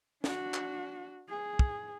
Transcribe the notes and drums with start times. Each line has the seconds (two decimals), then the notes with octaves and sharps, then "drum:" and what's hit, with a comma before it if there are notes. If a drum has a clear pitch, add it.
0.24 D4 F#4, drum: snare
0.54 drum: clap
1.29 G#4
1.59 drum: kick